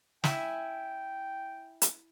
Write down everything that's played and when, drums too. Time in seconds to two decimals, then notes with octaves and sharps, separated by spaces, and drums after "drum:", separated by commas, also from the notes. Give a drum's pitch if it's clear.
0.24 E4 E5 G5 G#5, drum: snare
1.82 drum: hi-hat